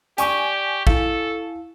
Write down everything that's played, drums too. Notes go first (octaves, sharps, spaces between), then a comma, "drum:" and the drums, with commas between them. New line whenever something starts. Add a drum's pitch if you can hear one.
G4 D5 G#5 C#6, drum: hi-hat
E4 A4 F5, drum: kick A1